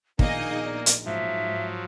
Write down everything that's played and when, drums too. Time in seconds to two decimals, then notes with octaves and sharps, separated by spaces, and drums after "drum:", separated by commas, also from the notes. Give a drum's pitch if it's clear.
0.19 A#1 B2 D#3 A#3 D#4 G#4 D#5 F5, drum: kick
0.64 D5
0.86 drum: hi-hat
1.05 G#2 F3 F#3 E5